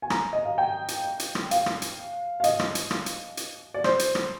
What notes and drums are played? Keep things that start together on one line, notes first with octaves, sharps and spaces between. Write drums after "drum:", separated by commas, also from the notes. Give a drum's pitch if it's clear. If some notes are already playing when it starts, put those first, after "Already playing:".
G#5
A#5, drum: rim click
D#5
F5
G5
drum: hi-hat
drum: hi-hat
drum: rim click
F5, drum: hi-hat
drum: rim click
drum: hi-hat
F5
D#5, drum: hi-hat
drum: rim click
drum: hi-hat
drum: rim click
drum: hi-hat
drum: hi-hat
D5
C5, drum: rim click
drum: hi-hat
drum: rim click